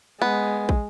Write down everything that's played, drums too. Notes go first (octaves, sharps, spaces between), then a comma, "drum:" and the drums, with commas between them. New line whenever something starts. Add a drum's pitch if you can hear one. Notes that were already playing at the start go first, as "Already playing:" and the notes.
G#3 B3
drum: kick